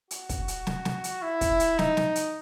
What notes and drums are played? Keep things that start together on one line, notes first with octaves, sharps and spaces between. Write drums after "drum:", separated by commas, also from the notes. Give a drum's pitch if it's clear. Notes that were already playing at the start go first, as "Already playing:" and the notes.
F#4, drum: hi-hat
drum: kick, hi-hat
drum: hi-hat
drum: snare
drum: snare
drum: hi-hat
E4
drum: kick, hi-hat
drum: hi-hat
D#4, drum: snare
drum: snare
drum: hi-hat